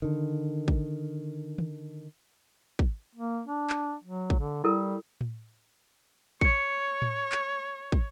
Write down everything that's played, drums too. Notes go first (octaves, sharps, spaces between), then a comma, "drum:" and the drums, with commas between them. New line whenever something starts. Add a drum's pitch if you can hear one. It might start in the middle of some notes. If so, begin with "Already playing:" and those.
D3 D#3
drum: kick
drum: tom D#3
drum: kick
A#3
D4
drum: clap
F#3
drum: kick
D3
G3 E4 A4 A#4
drum: tom A2
C#5 C#7, drum: kick
drum: tom A2
drum: clap
drum: kick